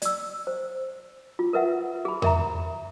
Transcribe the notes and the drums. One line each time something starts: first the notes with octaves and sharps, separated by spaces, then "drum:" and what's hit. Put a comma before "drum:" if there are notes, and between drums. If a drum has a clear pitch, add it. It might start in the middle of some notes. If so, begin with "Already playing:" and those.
D5 E6, drum: hi-hat
C5
F4
A#4 B4 E5 F#5
G#4 B5
A#4 E5 A#5, drum: tom E2